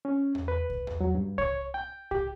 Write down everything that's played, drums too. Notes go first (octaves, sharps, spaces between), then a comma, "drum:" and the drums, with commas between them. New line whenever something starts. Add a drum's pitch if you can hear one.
C#4
drum: tom E2
B4
drum: kick C2
drum: tom E2
F#3
G2
C#5, drum: kick C2
G5
G4, drum: kick C2